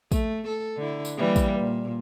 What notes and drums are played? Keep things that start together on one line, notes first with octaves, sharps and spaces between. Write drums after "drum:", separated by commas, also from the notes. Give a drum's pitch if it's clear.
A3, drum: kick, tambourine
A4
D3 E4
drum: tambourine
E3 G3 A#3
drum: kick, tambourine
A#2